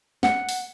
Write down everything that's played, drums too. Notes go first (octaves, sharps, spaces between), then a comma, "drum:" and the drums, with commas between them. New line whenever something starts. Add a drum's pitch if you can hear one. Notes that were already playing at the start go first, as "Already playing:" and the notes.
F#5, drum: snare
drum: open hi-hat